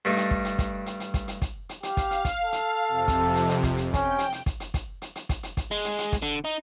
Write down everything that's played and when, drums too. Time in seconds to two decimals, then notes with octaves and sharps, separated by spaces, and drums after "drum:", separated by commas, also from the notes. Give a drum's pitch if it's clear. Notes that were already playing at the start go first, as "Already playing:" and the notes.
0.05 G2 G3 A3 D#4
0.17 drum: hi-hat
0.31 drum: kick
0.45 drum: hi-hat
0.58 drum: kick, hi-hat
0.86 drum: hi-hat
1.00 drum: hi-hat
1.14 drum: kick, hi-hat
1.28 drum: hi-hat
1.42 drum: kick, hi-hat
1.69 drum: hi-hat
1.83 G4 F5, drum: hi-hat
1.97 drum: kick, hi-hat
2.11 drum: hi-hat
2.25 drum: kick, hi-hat
2.43 A4
2.52 drum: hi-hat
2.88 F2 C3
3.08 drum: kick, hi-hat
3.35 drum: hi-hat
3.49 drum: hi-hat
3.63 drum: kick, hi-hat
3.77 drum: hi-hat
3.94 C#4 G5, drum: kick, hi-hat
4.19 drum: hi-hat
4.32 drum: hi-hat
4.46 drum: kick, hi-hat
4.60 drum: hi-hat
4.74 drum: kick, hi-hat
5.02 drum: hi-hat
5.15 drum: hi-hat
5.29 drum: kick, hi-hat
5.43 drum: hi-hat
5.57 drum: kick, hi-hat
5.71 G#3
5.85 drum: hi-hat
5.99 drum: hi-hat
6.12 drum: kick, hi-hat
6.22 D3
6.45 D#4